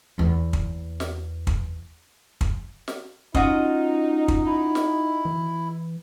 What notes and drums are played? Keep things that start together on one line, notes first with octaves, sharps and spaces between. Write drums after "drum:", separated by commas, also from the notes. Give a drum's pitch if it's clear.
E2 A#3
drum: kick
drum: snare
drum: kick
drum: kick
drum: snare
C#4 D#4 F4 F#4 D#5, drum: kick
drum: kick
E4
drum: snare
E3